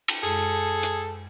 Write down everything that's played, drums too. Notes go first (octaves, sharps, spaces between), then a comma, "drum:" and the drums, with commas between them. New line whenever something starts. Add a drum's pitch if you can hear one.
drum: cymbal
F#2 G#3 G#4 A4
drum: hi-hat